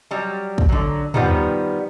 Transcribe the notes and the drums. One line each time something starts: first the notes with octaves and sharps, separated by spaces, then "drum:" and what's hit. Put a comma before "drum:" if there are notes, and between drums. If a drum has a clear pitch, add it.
F#3 G3
drum: kick
D3 F#3
D#3 F3 G3 B3, drum: tom